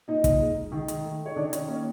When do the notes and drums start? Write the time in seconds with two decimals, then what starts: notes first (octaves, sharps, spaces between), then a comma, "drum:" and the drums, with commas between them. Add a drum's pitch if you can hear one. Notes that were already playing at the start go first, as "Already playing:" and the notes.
0.08 A#2 D#4 D#5
0.24 drum: kick, hi-hat
0.40 G#3
0.72 D#3
0.88 drum: hi-hat
1.04 A3
1.26 C#5
1.36 D#3 D4 D5
1.53 C#4 C#5, drum: hi-hat
1.68 A#3 C#4 C#5